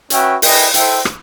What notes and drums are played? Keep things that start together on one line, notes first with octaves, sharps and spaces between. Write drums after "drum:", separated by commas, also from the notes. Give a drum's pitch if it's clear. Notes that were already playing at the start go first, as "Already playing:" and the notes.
C#4 F#4 B4 E5 G5, drum: hi-hat
E4 G#4 B4 D#5 G5, drum: open hi-hat
E4 A4 C5 E5 G5, drum: hi-hat
drum: rim click